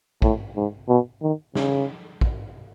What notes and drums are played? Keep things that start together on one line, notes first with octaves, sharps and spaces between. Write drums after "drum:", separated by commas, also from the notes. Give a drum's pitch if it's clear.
A2, drum: kick
G#2
B2
D#3
C#3, drum: snare
drum: kick